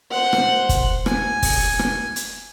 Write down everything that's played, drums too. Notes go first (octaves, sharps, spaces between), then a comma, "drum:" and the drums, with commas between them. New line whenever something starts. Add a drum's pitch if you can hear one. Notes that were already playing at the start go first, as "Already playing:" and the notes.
C5 F#5
drum: rim click
drum: kick, hi-hat
G#5, drum: rim click
drum: kick, open hi-hat
drum: rim click
drum: hi-hat